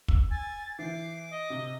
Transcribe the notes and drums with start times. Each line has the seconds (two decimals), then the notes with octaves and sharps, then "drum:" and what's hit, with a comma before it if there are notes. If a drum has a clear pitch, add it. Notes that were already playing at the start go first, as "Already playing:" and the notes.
0.08 E6, drum: kick
0.31 G#5 A6
0.79 E3 D6 G6 C7
1.30 D#5
1.50 C3